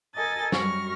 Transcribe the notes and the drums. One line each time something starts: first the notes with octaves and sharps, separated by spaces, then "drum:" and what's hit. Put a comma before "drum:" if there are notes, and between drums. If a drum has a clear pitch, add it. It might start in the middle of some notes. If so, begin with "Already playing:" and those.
A4 A#4 D#5 G#5 A6
F#2 F#3 G3 C#6 F6 A#6, drum: snare